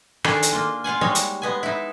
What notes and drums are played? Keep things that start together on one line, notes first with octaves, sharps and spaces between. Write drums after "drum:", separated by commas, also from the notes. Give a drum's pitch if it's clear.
D#3 D4 G#4 A4 G#5, drum: rim click
drum: hi-hat
A#3 F4
F4 F5 F#5 G#5
G3 G#3 D#4 F#4 C#5
drum: hi-hat
G#3 B3 G#5
D#4 E4